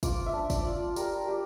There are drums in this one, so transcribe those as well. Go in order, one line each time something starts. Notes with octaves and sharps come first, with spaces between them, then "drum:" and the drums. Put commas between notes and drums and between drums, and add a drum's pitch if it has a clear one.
F4 D6, drum: kick, tambourine
E5
D4
D5, drum: kick, tambourine
F4
G3 A#4, drum: tambourine
G3 G4